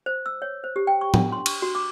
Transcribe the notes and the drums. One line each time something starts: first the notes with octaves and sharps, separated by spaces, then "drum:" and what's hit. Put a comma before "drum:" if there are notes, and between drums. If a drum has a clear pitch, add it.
C5
E6
C#5
C5
G4
G5
C#6
D4, drum: tom
C6
C#6, drum: cymbal
F#4
D6